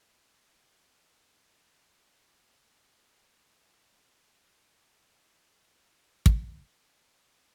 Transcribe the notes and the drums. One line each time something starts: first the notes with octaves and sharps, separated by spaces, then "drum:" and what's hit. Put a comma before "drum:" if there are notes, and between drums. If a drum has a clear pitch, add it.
D#5
C2 C#5
D#3
C3
C2
C2
D#3
C3
C2
A#2 D#5
C2 F5
A#2 F5
C2 D#5
A#2 D#5
C2 C5
C#5
C5
A#2 C#5
C2 C#5
F#1 C5
D#3 A4
F#2 F#4
A4
drum: kick